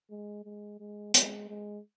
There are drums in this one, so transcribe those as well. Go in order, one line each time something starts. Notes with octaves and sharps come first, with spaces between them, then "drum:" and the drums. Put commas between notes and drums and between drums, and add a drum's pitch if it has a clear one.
G#3
G#3
G#3
G#3, drum: hi-hat
G#3